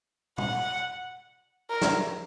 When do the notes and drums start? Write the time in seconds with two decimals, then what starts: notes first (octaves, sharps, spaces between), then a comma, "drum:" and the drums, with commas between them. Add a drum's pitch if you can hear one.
0.38 F#5, drum: tom
1.70 A#4
1.82 drum: snare